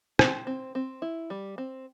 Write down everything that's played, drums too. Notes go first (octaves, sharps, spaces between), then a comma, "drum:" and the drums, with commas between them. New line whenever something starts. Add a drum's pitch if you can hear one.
C4 C5, drum: rim click
C4
C4
E4
G3
C4